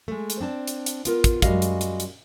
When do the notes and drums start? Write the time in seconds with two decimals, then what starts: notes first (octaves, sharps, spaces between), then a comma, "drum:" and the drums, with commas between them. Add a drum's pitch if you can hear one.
0.08 G#3 A3
0.30 drum: hi-hat
0.41 C4 D4 A5
0.67 drum: hi-hat
0.86 drum: hi-hat
1.05 B3 F4 A#4, drum: hi-hat
1.24 drum: kick, hi-hat
1.42 F#2 G3 G#3 F#4 D#5 F5, drum: kick, hi-hat
1.62 drum: hi-hat
1.81 drum: hi-hat
2.00 drum: hi-hat